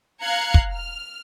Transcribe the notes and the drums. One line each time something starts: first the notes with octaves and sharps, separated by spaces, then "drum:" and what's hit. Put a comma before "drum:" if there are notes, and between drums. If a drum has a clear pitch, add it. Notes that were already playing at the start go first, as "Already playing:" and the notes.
F5 A#5 F#6 G#6 C7 C#7
drum: kick
F6